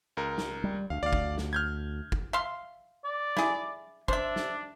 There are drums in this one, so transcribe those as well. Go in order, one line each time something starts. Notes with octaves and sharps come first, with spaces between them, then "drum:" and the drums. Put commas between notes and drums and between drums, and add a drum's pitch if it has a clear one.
C#2 A#4
drum: snare
G3
D2 F5
D2 D5 F5
drum: kick
drum: snare
F6 G6 G#6
drum: kick
E5 F5 C6
D5
E4 G#4, drum: snare
D4 C5 E5, drum: kick
drum: snare